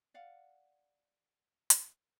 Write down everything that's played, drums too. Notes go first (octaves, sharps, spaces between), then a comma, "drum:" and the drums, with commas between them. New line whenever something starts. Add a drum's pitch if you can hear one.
D5 F5 F#5
drum: hi-hat